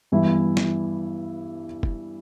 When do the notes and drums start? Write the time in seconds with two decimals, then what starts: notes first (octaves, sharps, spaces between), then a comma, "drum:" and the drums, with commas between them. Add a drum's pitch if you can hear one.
0.12 G2 E3 B3 E4
0.57 drum: snare
1.83 drum: kick